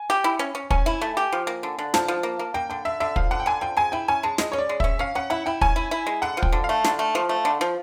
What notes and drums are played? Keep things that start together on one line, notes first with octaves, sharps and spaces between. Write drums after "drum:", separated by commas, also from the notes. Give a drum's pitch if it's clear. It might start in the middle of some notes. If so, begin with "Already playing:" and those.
Already playing: G#5
G4
E4
C#4
C#4
C#4 G#5, drum: kick
E4
A3
G4
F3
A#3
D3
D3
F3 A5, drum: snare
F3
A#3
A#3
A#3 G5
D3 G5
D3 E5
D3 E5
F3 F5, drum: kick
D3 F#5
G5
D3 G#5
F3 G5
G#3 G#5
E4 G5
C#4 G#5
G#3 A5
G#3 D#5, drum: snare
C#4 C#5
D5
G#3
C#4 E5, drum: kick
C#4 F5
C#4 F#5
E4 F#5
E4 G5
C#4 G#5, drum: kick
E4
E4
G#3
D3 F#5
F3
G5, drum: kick
D3
F5
A3
D3, drum: snare
A3
F3
A3
D3
F3